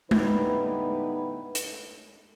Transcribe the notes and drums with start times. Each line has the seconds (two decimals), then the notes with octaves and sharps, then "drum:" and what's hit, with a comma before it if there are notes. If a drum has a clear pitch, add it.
0.11 D3 G3 B3 D#4 E4 B4, drum: tom G#3
1.55 drum: hi-hat